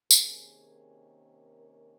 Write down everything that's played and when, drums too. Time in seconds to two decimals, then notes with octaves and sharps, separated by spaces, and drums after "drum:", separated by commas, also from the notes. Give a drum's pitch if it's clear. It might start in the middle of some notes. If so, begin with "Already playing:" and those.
0.11 C3 D#3 A#3 C#4 G#4, drum: tambourine
1.58 A#4